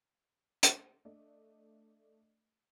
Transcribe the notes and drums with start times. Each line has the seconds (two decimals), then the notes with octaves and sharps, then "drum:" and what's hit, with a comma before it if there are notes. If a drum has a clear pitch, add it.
0.63 drum: hi-hat
1.05 A3 D4 D5 D#5